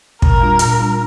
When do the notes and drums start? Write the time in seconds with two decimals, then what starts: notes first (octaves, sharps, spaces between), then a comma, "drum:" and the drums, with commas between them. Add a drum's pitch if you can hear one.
0.22 A#2 A#4, drum: kick
0.40 G3 D4 F4
0.59 A#2, drum: hi-hat
0.79 G3 D4 F4